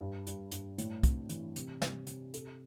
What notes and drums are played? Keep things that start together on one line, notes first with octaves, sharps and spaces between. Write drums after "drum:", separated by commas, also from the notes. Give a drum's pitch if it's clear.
G2
G2, drum: hi-hat
G2, drum: hi-hat
A2, drum: hi-hat
C4, drum: kick, hi-hat
E3, drum: hi-hat
C3, drum: hi-hat
C3, drum: snare
C3, drum: hi-hat
A4, drum: hi-hat